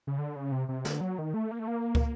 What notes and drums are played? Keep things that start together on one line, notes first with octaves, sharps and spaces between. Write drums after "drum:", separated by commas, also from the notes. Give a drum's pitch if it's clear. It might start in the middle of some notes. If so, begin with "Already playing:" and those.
C#3
D3
C#3
C3
C3
D3, drum: snare
F#3
D#3
A3
A#3
A3
A#3
drum: kick